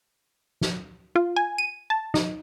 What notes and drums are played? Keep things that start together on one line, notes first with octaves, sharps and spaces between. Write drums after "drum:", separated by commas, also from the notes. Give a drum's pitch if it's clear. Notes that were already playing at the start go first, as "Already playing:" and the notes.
drum: snare
F4
G#5
D#7
A5
D#4, drum: snare